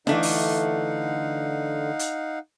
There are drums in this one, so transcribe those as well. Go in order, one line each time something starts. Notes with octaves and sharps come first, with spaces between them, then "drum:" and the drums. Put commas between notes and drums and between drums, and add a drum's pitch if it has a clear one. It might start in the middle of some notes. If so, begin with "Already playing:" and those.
D3 E3 A3 D4 D#4 F5 F#5, drum: snare
drum: open hi-hat
drum: hi-hat